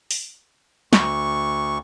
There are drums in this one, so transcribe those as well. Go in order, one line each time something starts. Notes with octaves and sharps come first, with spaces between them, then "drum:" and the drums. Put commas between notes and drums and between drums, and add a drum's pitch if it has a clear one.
drum: open hi-hat
D2 C#6, drum: snare